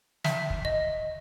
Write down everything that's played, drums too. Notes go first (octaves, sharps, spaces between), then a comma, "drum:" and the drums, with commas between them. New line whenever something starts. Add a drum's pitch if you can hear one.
E5, drum: snare
drum: kick
D#5